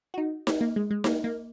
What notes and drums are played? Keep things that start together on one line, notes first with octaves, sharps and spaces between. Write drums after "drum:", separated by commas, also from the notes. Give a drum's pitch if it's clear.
F#4
D#4
drum: snare D#4
A#3
G#3
G#3
A#3, drum: snare D#4
A#3